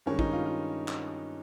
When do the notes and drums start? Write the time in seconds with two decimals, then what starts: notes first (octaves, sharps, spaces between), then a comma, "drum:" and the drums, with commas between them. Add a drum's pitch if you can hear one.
0.06 G2 D#3 G#3 C#4
0.19 D#4, drum: kick
0.33 F4
0.46 F4
0.88 drum: clap